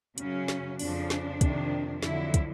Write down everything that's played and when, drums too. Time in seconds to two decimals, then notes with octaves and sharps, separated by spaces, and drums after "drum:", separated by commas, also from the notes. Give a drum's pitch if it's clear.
0.18 F#2 C#3 F#3 C#4, drum: hi-hat
0.48 drum: snare
0.79 F2 C#3 F3 D4, drum: open hi-hat
1.10 drum: snare
1.41 F2 C3 D#3, drum: kick, hi-hat
2.03 F2 D3 F#3 E4, drum: snare
2.34 drum: kick, hi-hat